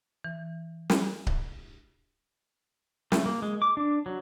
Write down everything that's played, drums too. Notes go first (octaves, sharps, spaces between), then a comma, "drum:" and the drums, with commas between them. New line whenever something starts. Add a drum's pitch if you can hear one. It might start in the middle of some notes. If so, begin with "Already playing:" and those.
E3
drum: snare
drum: kick C#1
A3, drum: snare
A#3
G#3
D6
D4
F#3